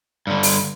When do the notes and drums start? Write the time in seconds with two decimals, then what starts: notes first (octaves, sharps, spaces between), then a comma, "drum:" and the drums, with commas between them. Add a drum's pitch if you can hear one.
0.27 G2 D3
0.43 drum: open hi-hat